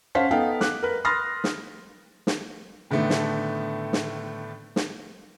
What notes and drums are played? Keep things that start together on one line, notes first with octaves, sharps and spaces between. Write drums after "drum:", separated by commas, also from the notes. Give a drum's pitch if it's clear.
C#4 C5 F5 F#5 A5 B6
B3 D#4 A4 F5 G5
D6 F#6, drum: snare
A#4 B4
B5 C6 D#6 F6 A6 A#6
drum: snare
drum: snare
A2 D3 D#3 A3 B3
drum: snare
drum: snare
drum: snare